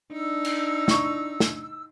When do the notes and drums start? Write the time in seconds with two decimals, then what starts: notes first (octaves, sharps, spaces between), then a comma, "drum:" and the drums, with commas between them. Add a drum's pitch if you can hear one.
0.12 D4 D#4 E6
0.45 drum: cymbal
0.88 E4 C#6, drum: snare
1.40 drum: snare